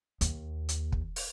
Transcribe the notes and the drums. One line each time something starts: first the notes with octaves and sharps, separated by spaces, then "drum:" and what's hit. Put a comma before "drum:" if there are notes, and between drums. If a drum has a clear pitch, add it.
D#2, drum: hi-hat
drum: hi-hat
drum: kick
drum: open hi-hat